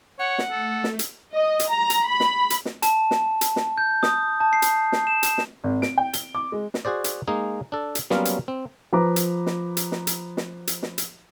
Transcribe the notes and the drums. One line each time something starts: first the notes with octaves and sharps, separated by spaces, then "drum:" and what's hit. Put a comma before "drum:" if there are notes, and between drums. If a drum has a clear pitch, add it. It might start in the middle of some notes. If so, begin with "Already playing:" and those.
C#5 F#5
drum: snare
A3 A4
drum: snare
drum: hi-hat
D#5
drum: hi-hat
A#5
drum: hi-hat
B5
drum: snare
drum: hi-hat
drum: snare
A5, drum: hi-hat
drum: snare
drum: hi-hat
drum: snare
G6
D#6, drum: snare
A5
C7
drum: hi-hat
drum: snare
E7
drum: hi-hat
drum: snare
G#1
D7, drum: snare
G5
G7, drum: hi-hat
D6
G#3
drum: snare
F#4 G#4 C5 D5
drum: hi-hat
G#3 A#3 D#4 G#4
D4 A4
drum: hi-hat
F#3 G3 A#3 B3 C#4 F4, drum: snare
drum: hi-hat
C4
F3 B4 A#5 D6
drum: hi-hat
drum: snare
drum: hi-hat
drum: snare
drum: hi-hat
drum: snare
drum: hi-hat
drum: snare
drum: hi-hat